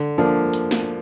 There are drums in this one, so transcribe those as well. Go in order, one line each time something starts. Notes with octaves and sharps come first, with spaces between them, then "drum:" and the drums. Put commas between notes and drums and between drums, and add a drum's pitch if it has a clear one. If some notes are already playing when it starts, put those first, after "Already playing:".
Already playing: D3
F3 A#3 D4
drum: hi-hat
drum: snare